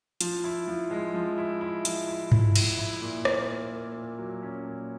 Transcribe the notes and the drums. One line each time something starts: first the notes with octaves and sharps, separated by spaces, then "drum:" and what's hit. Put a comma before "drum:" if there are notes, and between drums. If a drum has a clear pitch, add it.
F3, drum: hi-hat
E4
F3
G#3
F3
E4
E4
F3, drum: hi-hat
E4
E4, drum: tom G2
E4, drum: cymbal
E4
A#2
A#3, drum: rim click
A#3
A#3
A#2
F#3
C#4
A#2